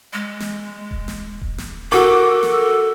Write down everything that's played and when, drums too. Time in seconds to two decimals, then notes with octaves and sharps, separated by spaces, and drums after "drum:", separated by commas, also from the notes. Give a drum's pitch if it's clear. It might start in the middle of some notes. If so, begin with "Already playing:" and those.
0.13 G#3
0.40 drum: snare
0.91 drum: kick D#1
1.08 drum: snare
1.41 drum: kick D#1
1.58 drum: snare
1.92 F#4 A4 A#4 C#6 D6
2.43 drum: snare